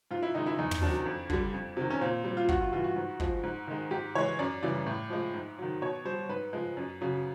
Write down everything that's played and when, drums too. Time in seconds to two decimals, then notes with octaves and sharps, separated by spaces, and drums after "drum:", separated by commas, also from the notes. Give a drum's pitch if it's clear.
0.11 G#2 F4
0.23 E4
0.35 D#3 G#3 D#4
0.46 E4
0.59 E2 D#4
0.71 drum: tom
0.82 C3 D#3 F#3 D4
1.06 F2
1.30 D3 G3, drum: kick
1.53 F2
1.77 C3 D#3
1.90 C#4
2.01 A#2 C4
2.24 G3 C4
2.37 F4
2.49 G2 F#4, drum: kick
2.60 F4
2.72 E3 G3 F4
2.84 F#4
2.96 G#2
3.20 F3 G#3, drum: kick
3.43 G#2
3.67 D#3 G#3
3.91 G#2 G4
4.15 E3 G#3 C#5
4.39 F#2 D5
4.63 C#3 E3 G3 D5
4.86 A2
5.10 F3 G#3
5.34 G#2
5.58 D#3 F#3
5.82 B2 C#5
6.05 G3 C5
6.29 G#2 B4
6.53 F3 G#3
6.77 F#2
7.01 C#3 F#3